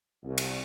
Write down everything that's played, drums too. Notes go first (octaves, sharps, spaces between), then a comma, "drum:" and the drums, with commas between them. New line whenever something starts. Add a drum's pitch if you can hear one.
C2
drum: cymbal